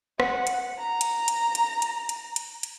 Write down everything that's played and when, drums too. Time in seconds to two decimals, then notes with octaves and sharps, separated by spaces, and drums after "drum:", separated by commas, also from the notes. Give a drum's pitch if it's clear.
0.20 F#5, drum: rim click
0.47 drum: hi-hat
0.79 A#5
1.01 drum: hi-hat
1.28 drum: hi-hat
1.55 drum: hi-hat
1.82 drum: hi-hat
2.09 drum: hi-hat
2.36 drum: hi-hat
2.63 drum: hi-hat